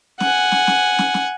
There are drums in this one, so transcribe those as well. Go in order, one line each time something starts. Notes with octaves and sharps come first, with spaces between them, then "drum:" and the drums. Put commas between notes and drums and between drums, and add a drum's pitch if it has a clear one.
F#5 G#5, drum: snare
drum: snare
drum: snare
drum: snare
drum: snare